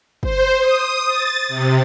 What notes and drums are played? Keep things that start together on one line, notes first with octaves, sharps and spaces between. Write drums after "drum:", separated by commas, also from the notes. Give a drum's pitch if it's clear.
C5, drum: kick
D#6
A6
C3